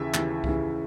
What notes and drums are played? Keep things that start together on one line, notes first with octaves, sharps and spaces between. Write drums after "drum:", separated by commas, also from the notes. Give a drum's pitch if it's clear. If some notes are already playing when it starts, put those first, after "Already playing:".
Already playing: D#2 C#3 E3 E5
D#2 C#3 E3, drum: clap
D#2 C#3 E3, drum: kick C2